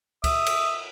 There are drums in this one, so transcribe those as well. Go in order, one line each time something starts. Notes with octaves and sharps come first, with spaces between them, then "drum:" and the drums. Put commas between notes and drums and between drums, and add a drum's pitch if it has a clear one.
E5 D#6, drum: kick, cymbal
drum: cymbal